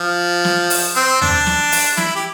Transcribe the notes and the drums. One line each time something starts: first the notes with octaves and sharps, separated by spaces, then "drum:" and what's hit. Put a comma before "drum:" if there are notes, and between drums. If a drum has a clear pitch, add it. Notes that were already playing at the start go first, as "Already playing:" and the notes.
Already playing: F3
drum: snare
drum: open hi-hat
C4
D4, drum: tom D#2
drum: snare
drum: open hi-hat
E4, drum: snare
G4